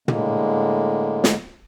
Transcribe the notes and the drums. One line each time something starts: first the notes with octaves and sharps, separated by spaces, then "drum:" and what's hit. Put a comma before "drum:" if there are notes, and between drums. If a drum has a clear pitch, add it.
A2 D3 G#3 A#3, drum: tom
drum: snare